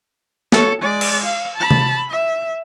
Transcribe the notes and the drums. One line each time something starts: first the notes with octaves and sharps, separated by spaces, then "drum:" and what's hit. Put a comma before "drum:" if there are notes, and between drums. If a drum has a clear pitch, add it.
A4 C#5, drum: snare
G#3 D5
drum: cymbal
F5
A5 B5
drum: tom C3
E5